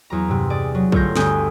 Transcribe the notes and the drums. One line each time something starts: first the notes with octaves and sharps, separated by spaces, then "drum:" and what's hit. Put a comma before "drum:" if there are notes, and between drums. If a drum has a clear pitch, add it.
E2 F#3 A#5
G2 C3
G#4 D5
F#3
G1 A3 F4 C#5 G6 A#6, drum: kick
G1 D2 G#5 D#6 G6, drum: snare